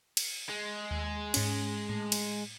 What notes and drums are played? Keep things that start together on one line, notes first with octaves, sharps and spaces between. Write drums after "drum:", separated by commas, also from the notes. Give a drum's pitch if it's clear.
drum: cymbal
G#3
D#2
G#2 C#4, drum: cymbal
A2
drum: cymbal